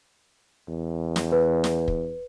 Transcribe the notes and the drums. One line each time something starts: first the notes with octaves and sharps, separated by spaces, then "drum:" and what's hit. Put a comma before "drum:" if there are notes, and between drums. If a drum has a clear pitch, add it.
E2
drum: snare
B4
drum: snare
drum: kick